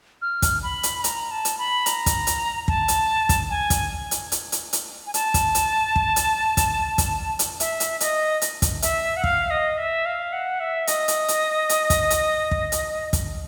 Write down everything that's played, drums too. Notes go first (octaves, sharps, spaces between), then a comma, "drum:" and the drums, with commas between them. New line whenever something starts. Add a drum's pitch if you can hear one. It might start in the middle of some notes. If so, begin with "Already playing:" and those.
F6
drum: kick, hi-hat
B5
drum: hi-hat
B5
A#5, drum: hi-hat
A5
drum: hi-hat
B5
A#5, drum: hi-hat
drum: kick, hi-hat
drum: hi-hat
A5, drum: kick
drum: hi-hat
drum: kick, hi-hat
G#5
drum: kick, hi-hat
drum: hi-hat
drum: hi-hat
drum: hi-hat
drum: hi-hat
G#5
A5, drum: hi-hat
drum: kick, hi-hat
drum: hi-hat
drum: kick
drum: hi-hat
drum: kick, hi-hat
drum: kick, hi-hat
drum: hi-hat
E5, drum: hi-hat
drum: hi-hat
D#5, drum: hi-hat
drum: hi-hat
drum: kick, hi-hat
E5, drum: hi-hat
F#5
F5, drum: kick
D#5
E5
F5
F#5
E5
D#5, drum: hi-hat
drum: hi-hat
drum: hi-hat
drum: hi-hat
drum: kick, hi-hat
drum: hi-hat
drum: kick
drum: hi-hat
drum: kick, hi-hat